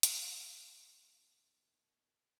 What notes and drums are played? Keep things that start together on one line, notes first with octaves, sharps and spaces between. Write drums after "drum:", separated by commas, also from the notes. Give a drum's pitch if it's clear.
B2 D#3 A3, drum: hi-hat